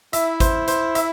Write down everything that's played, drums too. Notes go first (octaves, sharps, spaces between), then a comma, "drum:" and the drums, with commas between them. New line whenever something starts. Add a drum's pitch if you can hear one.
E4 E5, drum: hi-hat
C5, drum: kick G#1, hi-hat
C5, drum: hi-hat
E5, drum: hi-hat